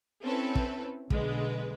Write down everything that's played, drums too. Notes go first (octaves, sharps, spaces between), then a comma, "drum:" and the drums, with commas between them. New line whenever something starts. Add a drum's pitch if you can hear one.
C4 C#4 E4 A4 B4
drum: kick
B1 D3 G#3 B4, drum: kick